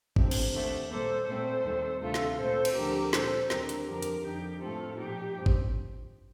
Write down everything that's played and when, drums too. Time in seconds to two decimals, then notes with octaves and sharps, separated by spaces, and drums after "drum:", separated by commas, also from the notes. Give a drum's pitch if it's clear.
0.16 D2 C3 F3 C4, drum: kick G#1
0.31 drum: cymbal
0.53 D#2 D3 A3 C4
0.90 A#2 G3 A#3 A4 C5
1.27 A#2 A3 C4 A4 C5
1.65 D#2 D#3 G3 C4
2.02 D2 C3 D#3 A3 F4 A4
2.14 drum: snare
2.39 A#2 A3 C4 A4 C5
2.65 drum: cymbal
2.76 D2 D3 F3 C4 G4 A#4
3.13 A#2 G3 C4 A4 C5, drum: snare
3.50 D#2 D3 G3 C4 G4 A#4, drum: snare
3.69 drum: hi-hat
3.88 F2 D3 F3 G4 A#4
4.02 drum: hi-hat
4.25 F2 D3 G3 D#4 G4
4.61 A2 A3 C4 F4 A4
4.99 A#2 F3 A#3 D#4 G4
5.37 G2 F3 C4
5.46 drum: kick G#1